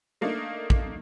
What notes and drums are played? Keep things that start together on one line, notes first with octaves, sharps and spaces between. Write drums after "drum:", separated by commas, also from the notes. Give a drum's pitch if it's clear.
A3 A#3 D4 D#4
drum: kick